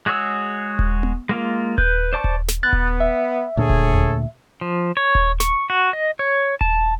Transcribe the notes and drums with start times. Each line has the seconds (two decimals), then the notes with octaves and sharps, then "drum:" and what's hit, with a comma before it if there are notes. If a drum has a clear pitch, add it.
0.06 G#3 F#4 G#4 C#5 E6
0.79 drum: kick D#1
1.03 drum: tom B3
1.29 G#3 A#3 F4
1.78 B4 G6, drum: kick D#1
2.13 C5 D5 A5 C#6
2.24 drum: kick D#1
2.48 drum: snare
2.63 B3 F#6 A6
2.73 drum: kick D#1
3.00 E5
3.57 D2 A#2 D4 G#4 A4 C#5
3.70 drum: kick D#1
3.94 drum: tom D#2
4.61 F3
4.97 C#5
5.15 drum: kick D#1
5.40 C#6, drum: snare
5.70 F#4
5.93 D#5
6.19 C#5
6.61 A5, drum: kick D#1